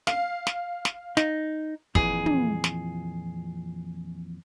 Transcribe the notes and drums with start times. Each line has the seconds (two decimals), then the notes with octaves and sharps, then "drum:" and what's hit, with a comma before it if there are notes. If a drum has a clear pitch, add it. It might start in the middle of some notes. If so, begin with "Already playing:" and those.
0.07 F5, drum: snare
0.47 drum: snare
0.85 drum: snare
1.17 D#4, drum: snare
1.95 F2 A#2 E3 G#4, drum: kick
2.26 drum: tom
2.64 drum: snare